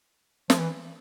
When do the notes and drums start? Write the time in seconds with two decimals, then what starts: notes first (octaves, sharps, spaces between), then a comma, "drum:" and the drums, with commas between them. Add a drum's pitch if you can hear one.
0.50 F3, drum: snare
0.59 E3